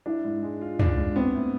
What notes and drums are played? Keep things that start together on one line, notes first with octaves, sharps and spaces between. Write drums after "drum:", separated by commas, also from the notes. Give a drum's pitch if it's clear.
D4 E4
G#2
G#3
F4
D4, drum: tom
G#2
B3 C4
A2